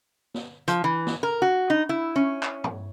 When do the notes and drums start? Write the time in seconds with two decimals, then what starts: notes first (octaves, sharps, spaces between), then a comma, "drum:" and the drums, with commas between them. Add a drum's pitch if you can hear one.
0.34 drum: snare
0.68 F3, drum: hi-hat
0.84 E3
1.07 drum: snare
1.23 A#4
1.42 F#4
1.70 D#4
1.89 E4
2.16 C#4
2.43 drum: clap
2.64 drum: tom G2